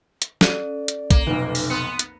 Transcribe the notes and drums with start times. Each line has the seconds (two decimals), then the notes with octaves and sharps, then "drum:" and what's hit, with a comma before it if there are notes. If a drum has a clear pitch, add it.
0.22 drum: hi-hat
0.41 C#4 A4 D5, drum: snare
0.88 drum: hi-hat
1.11 A#3, drum: kick, hi-hat
1.27 F1 B1 B4
1.55 drum: open hi-hat
1.70 B3 C6 C#7
1.99 drum: hi-hat